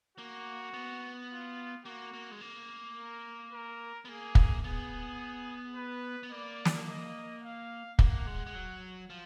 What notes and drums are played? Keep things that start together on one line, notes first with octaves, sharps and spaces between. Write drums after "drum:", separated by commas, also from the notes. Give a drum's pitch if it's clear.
A#3 F#4
B3
F4
A#3 F#4
A#3
G#3
A#3
A#4
A#4
B3
A#3 G#4
drum: kick
B3 G#4
B4
B3
A#3 D5
drum: snare
D#5
F5
A#3 F#5, drum: kick
G#3
G#3
F#3
F3